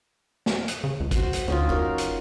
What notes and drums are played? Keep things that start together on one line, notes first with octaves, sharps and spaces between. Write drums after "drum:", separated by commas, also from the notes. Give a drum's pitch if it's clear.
drum: snare
drum: hi-hat
C#3
C#2
F#4 C5, drum: kick, hi-hat
drum: hi-hat
D2 C#4 D#4 F4
F#1 F#4 A#4
drum: hi-hat